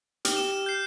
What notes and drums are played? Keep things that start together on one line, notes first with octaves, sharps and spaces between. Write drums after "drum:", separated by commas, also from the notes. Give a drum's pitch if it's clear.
G4 F6, drum: hi-hat
E7
G6 C7